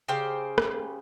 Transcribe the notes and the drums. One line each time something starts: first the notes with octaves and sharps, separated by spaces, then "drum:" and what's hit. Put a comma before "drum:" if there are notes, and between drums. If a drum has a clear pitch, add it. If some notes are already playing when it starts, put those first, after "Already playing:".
C#3 G4 C5 G5
drum: rim click